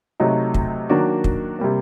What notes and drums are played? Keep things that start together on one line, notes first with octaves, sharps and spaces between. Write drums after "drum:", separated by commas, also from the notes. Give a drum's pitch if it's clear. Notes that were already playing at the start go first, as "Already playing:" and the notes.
C3 F#3 A3 D#4
drum: kick
D#3 F#3 A#3 D4 F#4
drum: kick
C3 G3 A#3